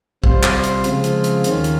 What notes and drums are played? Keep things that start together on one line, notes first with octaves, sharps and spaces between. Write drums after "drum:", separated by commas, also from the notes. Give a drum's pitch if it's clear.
C3 G3 C4 F4 C5, drum: kick
drum: clap
drum: hi-hat
C#3 F3 G#3 C4 F4, drum: hi-hat
drum: hi-hat
drum: hi-hat
D#2 D#3 A#3 C#4 F4, drum: hi-hat
drum: hi-hat